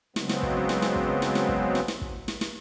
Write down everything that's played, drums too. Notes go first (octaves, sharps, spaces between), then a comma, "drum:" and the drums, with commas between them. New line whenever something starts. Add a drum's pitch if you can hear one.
C#3 F#3 G#3 B3 C4, drum: snare
drum: snare
drum: kick
drum: snare
drum: snare
drum: kick
drum: snare
drum: snare
drum: kick
drum: snare
drum: snare
drum: kick
drum: snare
drum: snare